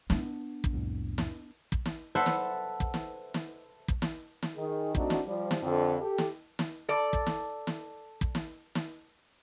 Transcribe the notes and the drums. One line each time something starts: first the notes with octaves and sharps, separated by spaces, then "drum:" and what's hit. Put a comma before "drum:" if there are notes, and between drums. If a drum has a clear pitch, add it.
B3 D4, drum: snare
drum: kick
C2 F2 A2
drum: snare
drum: kick
drum: snare
A4 B4 C5 E5 F#5 A5
drum: snare
drum: kick
drum: snare
drum: snare
drum: kick
drum: snare
drum: snare
D#3 G#4
A3 C4 D4 D#4 F#4, drum: kick
drum: snare
F3 G3
drum: snare
F2 D3
G4 A4
drum: snare
drum: snare
A4 D5
drum: kick
drum: snare
drum: snare
drum: kick
drum: snare
drum: snare